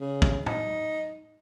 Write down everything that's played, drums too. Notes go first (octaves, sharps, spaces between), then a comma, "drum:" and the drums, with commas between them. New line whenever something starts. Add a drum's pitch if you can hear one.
C#3
drum: kick
D#4, drum: tom